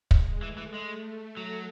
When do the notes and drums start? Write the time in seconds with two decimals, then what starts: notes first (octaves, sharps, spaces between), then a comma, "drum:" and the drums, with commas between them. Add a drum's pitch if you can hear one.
0.11 G#3, drum: kick
0.43 E3 A3
0.58 E3
0.74 G#3 A3
1.37 F#3